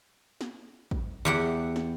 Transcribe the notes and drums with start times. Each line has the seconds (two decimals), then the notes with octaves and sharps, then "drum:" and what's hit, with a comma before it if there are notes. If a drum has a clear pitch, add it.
0.41 drum: snare
0.91 drum: kick
1.25 E2 G4 F#5
1.76 drum: snare